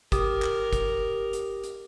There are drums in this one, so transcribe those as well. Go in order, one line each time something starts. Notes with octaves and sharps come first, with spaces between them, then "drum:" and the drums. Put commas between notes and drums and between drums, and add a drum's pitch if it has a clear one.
G4 A#4 D#6, drum: kick, hi-hat
drum: clap
drum: kick, hi-hat
drum: hi-hat
drum: hi-hat